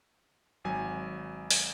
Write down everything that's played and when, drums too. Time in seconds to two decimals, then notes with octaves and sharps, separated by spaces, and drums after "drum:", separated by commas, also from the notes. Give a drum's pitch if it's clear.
0.64 G#1 F#3 G#5
1.51 drum: open hi-hat